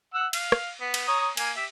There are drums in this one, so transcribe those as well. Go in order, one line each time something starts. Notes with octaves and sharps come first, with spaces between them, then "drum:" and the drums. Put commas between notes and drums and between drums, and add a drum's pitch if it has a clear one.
F#5 E6
F5, drum: cymbal
drum: rim click
B3
drum: cymbal
C#5 A#5 D#6
A#3 G#5, drum: cymbal
G4 E5